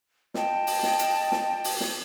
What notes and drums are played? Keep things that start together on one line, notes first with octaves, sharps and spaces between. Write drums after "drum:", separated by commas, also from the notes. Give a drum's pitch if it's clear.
D#5 G5 A5, drum: snare
drum: open hi-hat
drum: snare
drum: hi-hat
drum: snare
drum: open hi-hat
drum: snare